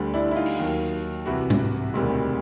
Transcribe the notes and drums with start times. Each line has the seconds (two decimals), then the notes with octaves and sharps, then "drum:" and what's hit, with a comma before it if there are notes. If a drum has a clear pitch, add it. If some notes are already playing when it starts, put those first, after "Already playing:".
Already playing: D2 D3 G3
0.14 D4 E4
0.31 E4
0.36 D#4 F4
0.46 drum: open hi-hat
0.59 D#2 D#3 F#3
1.26 C2 C3 E3 E4 F#4
1.50 drum: tom G#2
1.94 E1 D2 C3 D#3 G3